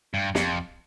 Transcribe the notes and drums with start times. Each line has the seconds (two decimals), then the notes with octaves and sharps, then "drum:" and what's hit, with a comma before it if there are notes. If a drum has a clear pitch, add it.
0.14 G2
0.35 F2, drum: snare